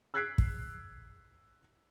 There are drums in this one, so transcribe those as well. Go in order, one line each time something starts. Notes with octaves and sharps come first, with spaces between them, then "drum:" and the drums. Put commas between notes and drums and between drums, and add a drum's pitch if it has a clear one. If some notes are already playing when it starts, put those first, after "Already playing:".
E6 F#6 G#6 B6 C7 D7
drum: kick